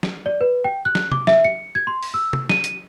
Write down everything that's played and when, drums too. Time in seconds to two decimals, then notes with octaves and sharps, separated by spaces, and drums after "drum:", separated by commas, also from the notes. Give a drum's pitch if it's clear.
0.03 drum: snare
0.26 D5
0.41 B4
0.64 G5
0.85 F#6
0.95 drum: snare
1.12 D6, drum: tom
1.27 E5, drum: snare
1.44 C#7
1.75 G#6
1.87 C6
2.03 drum: open hi-hat
2.14 E6
2.33 drum: tom
2.50 D#7, drum: snare
2.64 drum: hi-hat